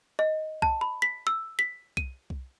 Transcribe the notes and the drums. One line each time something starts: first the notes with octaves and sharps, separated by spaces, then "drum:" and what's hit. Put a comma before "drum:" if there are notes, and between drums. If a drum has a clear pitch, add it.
D#5
A5, drum: kick C2
B5
B6
E6
B6
D#7, drum: kick C2
drum: kick C2